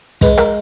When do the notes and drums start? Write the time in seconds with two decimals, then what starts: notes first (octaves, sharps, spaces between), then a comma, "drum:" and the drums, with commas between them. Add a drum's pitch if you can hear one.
0.21 G#3 B4, drum: kick, hi-hat
0.37 A#4, drum: rim click